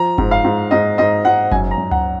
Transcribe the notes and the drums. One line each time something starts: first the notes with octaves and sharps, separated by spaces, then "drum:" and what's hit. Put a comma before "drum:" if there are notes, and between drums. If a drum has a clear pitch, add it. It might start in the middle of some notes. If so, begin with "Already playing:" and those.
Already playing: F3 A#5
G#2, drum: kick F#1
F5
G#2
G#2 D#5
G#2 D#5
G#2 F#5
F#2 G#5, drum: kick F#1
A#5
F#2
F#5, drum: tom C#2